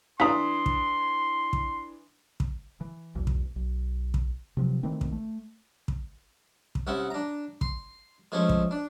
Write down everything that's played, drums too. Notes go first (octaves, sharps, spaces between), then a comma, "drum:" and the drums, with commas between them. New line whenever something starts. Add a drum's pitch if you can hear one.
E3 D4 F5 A#5 C6 D#6 B6
drum: kick
drum: kick
drum: kick
E3
B1 E2
drum: kick
B1
drum: kick
C3 F3 F#3
D#3 E3 A3 C4
drum: kick
A3
drum: kick
drum: kick
C2 C#4 E5 F#5
D4 A#5
C6, drum: kick
F3 G#3 A3 C#4
drum: kick
D4